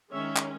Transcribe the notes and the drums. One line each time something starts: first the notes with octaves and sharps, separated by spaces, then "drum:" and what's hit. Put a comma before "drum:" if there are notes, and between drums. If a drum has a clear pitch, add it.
D#3 G#3 C#4 C#5 E5
drum: clap